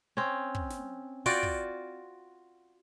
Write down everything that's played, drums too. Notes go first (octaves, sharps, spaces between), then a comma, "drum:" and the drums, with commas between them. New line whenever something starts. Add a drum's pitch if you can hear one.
C4 C#4
drum: kick
drum: snare
F4 F#4 D5 G5, drum: open hi-hat
drum: kick